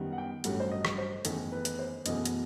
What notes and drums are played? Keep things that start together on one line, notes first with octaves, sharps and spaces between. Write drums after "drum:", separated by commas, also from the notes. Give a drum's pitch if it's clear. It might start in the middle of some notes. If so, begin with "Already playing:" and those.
Already playing: F#2 D#3 G3 B3
F#5
G5
A1 G2 F#3 A3 F#5, drum: hi-hat
C5
D#5
drum: rim click
C5
F#1 E2 D#3 A3 A4, drum: hi-hat
B4
drum: hi-hat
C5
F#1 E2 B2 A3 D#5, drum: hi-hat
drum: hi-hat